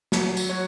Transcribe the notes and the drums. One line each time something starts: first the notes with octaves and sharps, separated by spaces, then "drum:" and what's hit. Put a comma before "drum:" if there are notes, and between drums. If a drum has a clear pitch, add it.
F#3, drum: snare
drum: tambourine
F#4 C#5